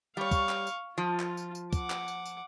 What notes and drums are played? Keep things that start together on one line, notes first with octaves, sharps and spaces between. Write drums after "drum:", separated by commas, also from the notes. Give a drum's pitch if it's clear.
G3 C#5 F5 C#6
drum: kick, tambourine
drum: clap
drum: tambourine
F3 F4
drum: clap
drum: tambourine
drum: tambourine
F#5 D6, drum: kick, tambourine
drum: clap
drum: tambourine
drum: tambourine